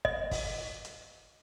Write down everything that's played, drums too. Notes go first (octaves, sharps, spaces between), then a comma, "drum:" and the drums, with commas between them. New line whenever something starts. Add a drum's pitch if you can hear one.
D#5, drum: kick
drum: kick, open hi-hat
drum: hi-hat